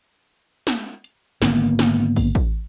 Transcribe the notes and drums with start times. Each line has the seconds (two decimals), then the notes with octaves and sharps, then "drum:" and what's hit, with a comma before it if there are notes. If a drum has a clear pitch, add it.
0.67 drum: snare
1.04 drum: hi-hat
1.42 G#1 D3 A#3 B3, drum: snare
1.79 drum: snare
2.16 drum: kick, open hi-hat
2.35 drum: kick